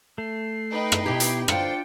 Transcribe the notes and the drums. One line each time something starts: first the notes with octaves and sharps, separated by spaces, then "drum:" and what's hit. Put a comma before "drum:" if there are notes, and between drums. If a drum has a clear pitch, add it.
A3 C7
D#4 B4 G5
drum: rim click
B2 E4 G4
drum: hi-hat
D2 D4 F4 C5 D5 F5 G5 C#7, drum: rim click